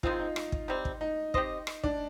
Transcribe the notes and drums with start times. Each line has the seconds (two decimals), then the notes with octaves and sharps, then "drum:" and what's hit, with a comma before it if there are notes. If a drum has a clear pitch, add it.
0.03 D#3 G#3 C4 F4, drum: kick
0.20 D#4
0.36 D#4, drum: rim click
0.52 drum: kick
0.68 C3 G3 C4
0.85 drum: kick
1.01 D#4
1.34 C4 G4 C5 D#5, drum: kick
1.67 drum: rim click
1.84 D4, drum: kick